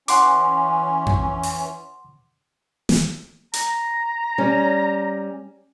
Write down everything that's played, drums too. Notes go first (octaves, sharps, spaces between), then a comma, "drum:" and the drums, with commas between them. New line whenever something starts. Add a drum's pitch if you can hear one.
E3 C#4 F#5 C6 D6, drum: hi-hat
drum: tom F2
drum: open hi-hat
drum: snare
A#5, drum: hi-hat
G3 C#4